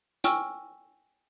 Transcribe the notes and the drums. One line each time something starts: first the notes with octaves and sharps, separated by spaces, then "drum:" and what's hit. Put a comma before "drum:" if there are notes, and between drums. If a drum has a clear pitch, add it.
G5 G#5 C#6 E6 F6, drum: hi-hat